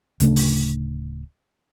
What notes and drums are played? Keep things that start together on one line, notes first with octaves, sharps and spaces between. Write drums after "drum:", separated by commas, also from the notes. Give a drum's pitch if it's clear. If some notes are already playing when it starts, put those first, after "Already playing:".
D1 C#3 A3 D4, drum: hi-hat
drum: open hi-hat